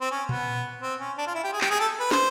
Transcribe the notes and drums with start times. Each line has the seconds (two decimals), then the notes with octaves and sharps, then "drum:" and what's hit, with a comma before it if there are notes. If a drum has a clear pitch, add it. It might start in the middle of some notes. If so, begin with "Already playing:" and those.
0.01 C4
0.11 C#4
0.29 B3, drum: tom A#2
0.82 C4
1.00 C#4
1.18 D4
1.27 F4
1.35 E4
1.44 G4
1.53 G#4
1.61 G4, drum: clap
1.70 G#4
1.80 A4
1.99 B4
2.11 C5, drum: snare